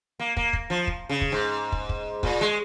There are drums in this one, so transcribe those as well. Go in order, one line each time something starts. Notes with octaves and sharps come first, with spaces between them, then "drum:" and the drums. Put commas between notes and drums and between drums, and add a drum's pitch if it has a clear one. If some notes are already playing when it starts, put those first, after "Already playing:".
A#3
A#3, drum: kick
drum: kick
F3
drum: kick
C#3
drum: kick
G#2
drum: kick
drum: kick
A#2, drum: kick
G#3